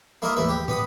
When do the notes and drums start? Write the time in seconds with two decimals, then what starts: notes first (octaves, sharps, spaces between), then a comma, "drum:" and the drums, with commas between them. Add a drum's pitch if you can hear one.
0.22 A#3 E4 F4 A#4 D#5
0.36 A1 D#2 E4 B4
0.49 G4
0.68 B3 B5 D#6, drum: tom